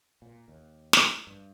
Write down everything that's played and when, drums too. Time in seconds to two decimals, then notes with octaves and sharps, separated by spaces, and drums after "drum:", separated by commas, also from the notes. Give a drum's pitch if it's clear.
0.22 A#2
0.48 D#2
0.93 drum: snare
1.27 G2